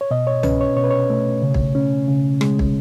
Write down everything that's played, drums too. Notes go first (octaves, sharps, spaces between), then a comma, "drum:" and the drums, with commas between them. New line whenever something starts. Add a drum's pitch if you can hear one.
C#5
B2 D#5
C#5
C#4 B4, drum: tom C2
C#5
B2 C#5
B4
C#5
A3
C#3
drum: kick
C#4
C#3
G#3, drum: rim click
drum: kick